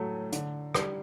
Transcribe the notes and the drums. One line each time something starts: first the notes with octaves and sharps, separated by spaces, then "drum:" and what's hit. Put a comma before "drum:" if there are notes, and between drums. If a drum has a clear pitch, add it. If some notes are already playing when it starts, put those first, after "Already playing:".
Already playing: A2 F#3 A3
D3, drum: hi-hat
G3, drum: rim click